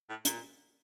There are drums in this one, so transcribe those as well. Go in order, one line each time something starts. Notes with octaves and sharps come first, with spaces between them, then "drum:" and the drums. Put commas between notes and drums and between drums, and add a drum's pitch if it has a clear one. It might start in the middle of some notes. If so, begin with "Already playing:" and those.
A2
A#2, drum: hi-hat